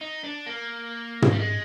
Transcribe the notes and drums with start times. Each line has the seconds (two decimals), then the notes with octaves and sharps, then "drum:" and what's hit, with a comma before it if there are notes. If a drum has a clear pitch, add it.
0.01 D#4
0.24 D4
0.46 A#3
1.22 drum: tom
1.32 G3
1.39 G#3